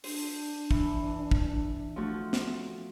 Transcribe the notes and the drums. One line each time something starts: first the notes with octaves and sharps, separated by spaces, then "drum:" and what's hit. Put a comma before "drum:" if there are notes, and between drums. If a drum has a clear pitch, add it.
D4 C5, drum: open hi-hat
E3, drum: kick
drum: kick
F3 A3 F#4
drum: snare